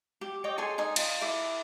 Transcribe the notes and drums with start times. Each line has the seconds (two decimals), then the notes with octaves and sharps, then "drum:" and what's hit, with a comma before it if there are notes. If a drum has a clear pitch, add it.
0.21 G4
0.44 C#5 D#5 G5 D6
0.58 G#4 A4 G#5 C6
0.78 D#4 G#5 D#6
0.96 F4, drum: cymbal
1.21 E4 A4 D6